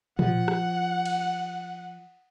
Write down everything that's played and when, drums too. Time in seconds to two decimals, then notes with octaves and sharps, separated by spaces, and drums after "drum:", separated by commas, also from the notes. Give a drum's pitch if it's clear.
0.19 F3 F#5, drum: tom A#2
0.48 drum: rim click
1.05 drum: cymbal